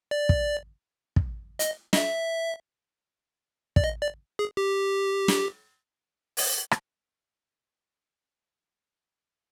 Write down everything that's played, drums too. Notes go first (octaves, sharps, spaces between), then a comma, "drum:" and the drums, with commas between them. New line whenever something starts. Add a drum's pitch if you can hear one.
D5
drum: kick
drum: kick
D#5, drum: hi-hat
D#5, drum: snare
E5
D5, drum: kick
D#5
D5
G#4
G4
drum: snare
drum: open hi-hat
drum: rim click